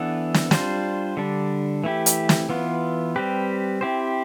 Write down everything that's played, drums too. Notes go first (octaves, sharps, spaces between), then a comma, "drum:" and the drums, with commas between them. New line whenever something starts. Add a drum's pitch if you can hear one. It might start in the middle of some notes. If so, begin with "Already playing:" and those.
Already playing: E3 B3 D4 A4
drum: snare
G3 D4 F4 C5, drum: snare
D3 G3 D4
E3 A3 E4 G4
drum: hi-hat
drum: snare
E3 B3 F4
G3 C4 G4 B4
C4 E4 G4 C5